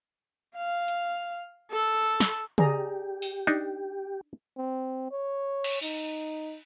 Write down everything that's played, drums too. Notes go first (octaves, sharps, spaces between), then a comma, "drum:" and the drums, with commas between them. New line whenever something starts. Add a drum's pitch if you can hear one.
F5
drum: hi-hat
A4
drum: snare
G4 G#4 D5 A#5, drum: tom C#3
drum: open hi-hat
D4 D#4
C4
C#5
drum: cymbal
D#4, drum: open hi-hat